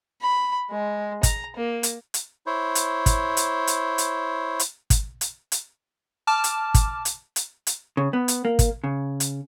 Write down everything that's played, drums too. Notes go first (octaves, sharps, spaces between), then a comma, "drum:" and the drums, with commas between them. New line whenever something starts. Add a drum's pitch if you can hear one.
B5
G#3
A#5, drum: kick, hi-hat
A#3
drum: hi-hat
drum: hi-hat
E4 C5 C#5
drum: hi-hat
drum: kick, hi-hat
drum: hi-hat
drum: hi-hat
drum: hi-hat
drum: hi-hat
drum: kick, hi-hat
drum: hi-hat
drum: hi-hat
A5 D6 F6
drum: hi-hat
drum: kick, hi-hat
drum: hi-hat
drum: hi-hat
drum: hi-hat
C#3
B3
drum: hi-hat
A#3
drum: kick, hi-hat
C#3
drum: hi-hat